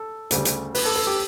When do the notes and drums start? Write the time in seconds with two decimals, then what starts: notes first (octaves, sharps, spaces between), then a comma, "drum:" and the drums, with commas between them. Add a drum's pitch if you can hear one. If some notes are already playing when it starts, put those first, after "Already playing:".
Already playing: A4
0.31 D2 C#3 G3, drum: hi-hat
0.45 drum: hi-hat
0.75 B4, drum: open hi-hat
0.85 A4
0.96 A4
1.07 G4